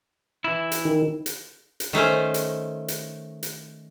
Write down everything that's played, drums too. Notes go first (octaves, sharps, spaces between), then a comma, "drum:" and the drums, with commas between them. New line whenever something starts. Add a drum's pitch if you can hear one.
E3 E4
drum: hi-hat
D#3
drum: hi-hat
drum: hi-hat
D#3 A3 C#4 C5
drum: hi-hat
drum: hi-hat
drum: hi-hat